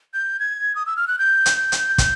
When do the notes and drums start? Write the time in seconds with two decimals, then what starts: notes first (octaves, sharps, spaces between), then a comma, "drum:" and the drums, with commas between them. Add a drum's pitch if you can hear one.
0.14 G6
0.40 G#6
0.75 D#6
0.86 E6
0.97 F6
1.08 F#6
1.19 G6
1.46 drum: hi-hat
1.72 drum: hi-hat
1.98 drum: kick, hi-hat